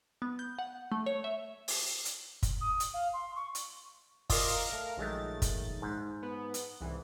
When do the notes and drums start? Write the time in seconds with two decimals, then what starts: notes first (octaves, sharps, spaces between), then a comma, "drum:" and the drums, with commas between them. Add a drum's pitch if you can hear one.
0.22 B3
0.39 G6
0.59 F#5
0.92 A3
1.06 C#5
1.24 E5
1.68 drum: open hi-hat
2.05 drum: hi-hat
2.43 drum: kick, hi-hat
2.61 D#6
2.80 drum: hi-hat
2.94 F5
3.13 C6
3.36 C#6
3.55 drum: hi-hat
4.30 F4 A#4 D5 D#5 F5, drum: kick, open hi-hat
4.73 A3
4.97 A#1 D#3 F#3 G#3 A3 A6
5.42 drum: kick, hi-hat
5.82 G#2
6.23 B3
6.54 drum: hi-hat
6.81 C2 G#2 E3